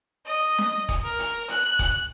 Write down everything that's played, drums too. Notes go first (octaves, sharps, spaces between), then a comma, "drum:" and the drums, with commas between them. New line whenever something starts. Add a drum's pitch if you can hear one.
D#5
drum: snare
drum: kick E1, hi-hat
A#4
drum: hi-hat
F#6, drum: hi-hat
drum: kick E1, hi-hat